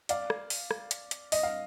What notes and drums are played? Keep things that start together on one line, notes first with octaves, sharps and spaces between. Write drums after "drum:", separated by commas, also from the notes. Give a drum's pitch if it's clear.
D5 F5, drum: hi-hat
drum: rim click
drum: open hi-hat
drum: rim click
drum: hi-hat
drum: hi-hat
D#5, drum: open hi-hat
F5